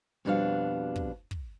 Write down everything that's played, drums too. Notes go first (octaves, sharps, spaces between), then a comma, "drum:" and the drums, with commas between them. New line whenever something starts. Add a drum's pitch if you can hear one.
F2 B2 G3 D4 F#4 F5
drum: kick
drum: kick